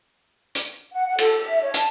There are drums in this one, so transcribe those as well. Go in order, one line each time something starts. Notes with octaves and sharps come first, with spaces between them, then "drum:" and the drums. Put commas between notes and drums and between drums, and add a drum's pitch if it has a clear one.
drum: hi-hat
F#5
F#5
A4, drum: cymbal
E5
C#5
A5, drum: hi-hat